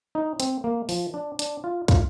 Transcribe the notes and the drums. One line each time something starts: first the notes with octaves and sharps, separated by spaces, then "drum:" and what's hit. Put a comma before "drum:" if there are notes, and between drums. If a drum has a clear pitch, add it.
D#4
C4, drum: hi-hat
A#3
F3, drum: open hi-hat
D4
D4, drum: hi-hat
F4
F4, drum: kick, hi-hat